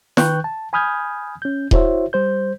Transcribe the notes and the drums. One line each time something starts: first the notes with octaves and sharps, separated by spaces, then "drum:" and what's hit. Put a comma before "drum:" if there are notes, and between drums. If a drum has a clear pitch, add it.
D#3 B4 G5 C#6 F#6 G6, drum: snare
A5
G#5 B5 D#6 F6 G6 G#6
C#4 G6
E4 F#4 C5 C#5 E5, drum: kick D#1
G3 C5 G6